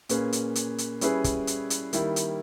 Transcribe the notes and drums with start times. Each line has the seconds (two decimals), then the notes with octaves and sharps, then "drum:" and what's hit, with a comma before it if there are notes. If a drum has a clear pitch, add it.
0.09 A#2 A#3 C#4 G#4 B4, drum: hi-hat
0.33 drum: hi-hat
0.55 drum: hi-hat
0.78 drum: hi-hat
1.01 G3 C#4 E4 G#4 B4, drum: hi-hat
1.24 drum: kick, hi-hat
1.47 drum: hi-hat
1.70 drum: hi-hat
1.93 D#3 G3 A#3 E4, drum: hi-hat
2.16 drum: hi-hat